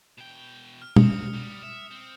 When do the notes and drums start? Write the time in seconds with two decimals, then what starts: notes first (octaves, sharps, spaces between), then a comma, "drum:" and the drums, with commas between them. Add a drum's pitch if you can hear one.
0.18 B2 G5
0.82 F6
0.96 D3 C4 D#6 C#7, drum: tom
1.33 G3 F#4
1.63 E5
1.91 C4